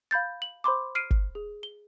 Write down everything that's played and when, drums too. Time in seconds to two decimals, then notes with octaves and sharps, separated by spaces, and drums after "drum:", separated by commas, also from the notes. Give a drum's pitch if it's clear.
0.11 F5 B5 G6 A6
0.42 F#7
0.64 C5 B5 C6 D6
0.95 F6 C7 D7 D#7
1.11 drum: kick G1
1.35 G#4
1.63 G7